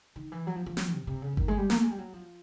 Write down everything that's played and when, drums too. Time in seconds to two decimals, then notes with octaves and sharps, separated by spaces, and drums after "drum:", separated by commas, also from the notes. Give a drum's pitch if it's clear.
0.16 D#3
0.32 E3
0.47 F#3
0.56 F3
0.66 F3
0.77 F#3, drum: snare
0.92 C3
1.07 C3
1.22 C#3
1.37 D#3, drum: kick G1
1.48 G#3
1.58 G3
1.70 A#3, drum: snare
1.77 A3
1.84 G#3
1.91 G3
1.98 F#3
2.13 F3